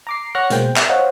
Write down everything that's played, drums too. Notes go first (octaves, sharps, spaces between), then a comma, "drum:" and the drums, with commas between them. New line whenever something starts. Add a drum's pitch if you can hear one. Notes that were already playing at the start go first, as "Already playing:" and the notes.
A#5 D6 C7
C#5 F#5 C#6 F6 F#6 A#6
B2 G#3 A#3 C5 G5, drum: hi-hat
E5 E6, drum: clap
C5 C#5 D#5 F5 F#5